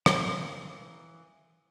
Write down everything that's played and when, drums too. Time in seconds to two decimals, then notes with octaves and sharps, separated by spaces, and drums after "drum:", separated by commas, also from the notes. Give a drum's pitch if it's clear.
0.06 E3 F5 A#5, drum: rim click